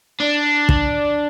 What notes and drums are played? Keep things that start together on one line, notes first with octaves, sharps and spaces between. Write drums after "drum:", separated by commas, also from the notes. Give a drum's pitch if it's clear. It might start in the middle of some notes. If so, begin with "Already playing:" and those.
D4
drum: kick